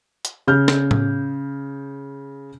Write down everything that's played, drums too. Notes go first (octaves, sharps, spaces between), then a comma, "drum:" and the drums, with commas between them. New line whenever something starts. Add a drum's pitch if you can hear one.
drum: hi-hat
C#3 F6 G6
drum: snare
drum: tom A2